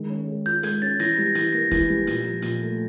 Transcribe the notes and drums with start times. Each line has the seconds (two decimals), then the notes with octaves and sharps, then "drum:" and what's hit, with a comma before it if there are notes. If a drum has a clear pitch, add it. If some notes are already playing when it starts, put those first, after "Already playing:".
Already playing: D#3 G#3
0.10 C#4
0.28 G#3
0.46 F4 G6
0.63 G#3 G#6, drum: hi-hat
0.82 C#4 A6
0.99 E3 A#6, drum: hi-hat
1.18 G3
1.26 A#6
1.35 E3, drum: hi-hat
1.53 A#3 A#6
1.71 E3, drum: kick, hi-hat
1.90 G3
2.07 A#2, drum: hi-hat
2.25 F3
2.42 A#2, drum: hi-hat
2.61 A3